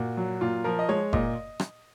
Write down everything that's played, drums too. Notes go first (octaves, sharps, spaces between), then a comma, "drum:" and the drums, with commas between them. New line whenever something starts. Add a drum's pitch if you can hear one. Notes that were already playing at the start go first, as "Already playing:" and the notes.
Already playing: A#2 F#4
F#3
A#2 F4
F3 A#4
D#5
G#3 C#5
A#2 D#5, drum: kick F#1
drum: rim click